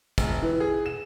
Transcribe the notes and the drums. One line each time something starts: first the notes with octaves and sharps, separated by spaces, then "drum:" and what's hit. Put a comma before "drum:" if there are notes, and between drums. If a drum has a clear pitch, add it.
E1, drum: kick, tambourine
E3
G#4
E7